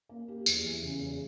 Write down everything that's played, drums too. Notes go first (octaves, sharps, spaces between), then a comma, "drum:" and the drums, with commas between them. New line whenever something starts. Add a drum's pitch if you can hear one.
A#3
G4
E2, drum: tambourine
E3
C#3
E2